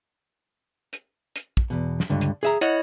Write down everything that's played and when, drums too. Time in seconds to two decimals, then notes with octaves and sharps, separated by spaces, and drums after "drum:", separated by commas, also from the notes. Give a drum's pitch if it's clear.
0.93 drum: hi-hat
1.36 drum: hi-hat
1.57 drum: kick
1.70 E2 B2
2.00 drum: snare
2.10 C#2 G2 D3
2.21 drum: hi-hat
2.43 G#4 E5 A#5
2.61 E4 C#5 D#5 F#5, drum: hi-hat